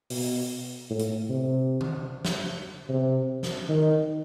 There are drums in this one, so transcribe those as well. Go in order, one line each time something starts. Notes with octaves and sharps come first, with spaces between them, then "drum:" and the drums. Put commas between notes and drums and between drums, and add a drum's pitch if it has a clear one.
B2, drum: open hi-hat
A2
drum: hi-hat
C3
drum: tom D#3
drum: snare
C3
drum: snare
D#3